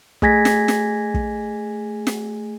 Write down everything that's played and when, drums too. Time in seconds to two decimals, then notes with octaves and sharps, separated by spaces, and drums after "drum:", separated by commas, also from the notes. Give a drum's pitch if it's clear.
0.22 A3 G#4 G#5 G#6 A#6 B6, drum: kick
0.45 drum: snare
0.68 drum: snare
1.14 drum: kick
2.07 drum: snare